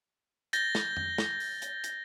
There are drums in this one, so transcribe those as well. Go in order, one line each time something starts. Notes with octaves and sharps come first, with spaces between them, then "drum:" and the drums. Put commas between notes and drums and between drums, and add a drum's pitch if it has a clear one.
G6 A6 A#6 G7, drum: hi-hat
drum: snare
drum: tom F2
drum: snare
drum: open hi-hat
drum: hi-hat
drum: hi-hat